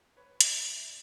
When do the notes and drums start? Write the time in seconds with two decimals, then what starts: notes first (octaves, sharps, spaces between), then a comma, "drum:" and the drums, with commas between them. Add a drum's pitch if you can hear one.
0.17 B4 C#5
0.41 D5 E5, drum: hi-hat